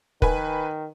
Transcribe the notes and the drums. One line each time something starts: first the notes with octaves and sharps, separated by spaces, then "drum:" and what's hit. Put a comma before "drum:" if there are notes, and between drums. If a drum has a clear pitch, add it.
D#3 B4 G#5, drum: kick